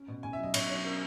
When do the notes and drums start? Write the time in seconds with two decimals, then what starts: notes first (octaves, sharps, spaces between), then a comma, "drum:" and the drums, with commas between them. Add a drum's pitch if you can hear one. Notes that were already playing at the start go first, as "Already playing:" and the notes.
Already playing: C#4
0.08 B2
0.23 B2 G#5
0.33 E5
0.39 F#3 D#5
0.54 B2 C#5, drum: cymbal
0.69 F#3 C#5
0.85 C#4 A#4